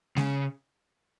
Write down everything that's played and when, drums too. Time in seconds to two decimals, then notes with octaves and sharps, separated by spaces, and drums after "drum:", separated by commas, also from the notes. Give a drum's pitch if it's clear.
0.17 C#3, drum: snare G#3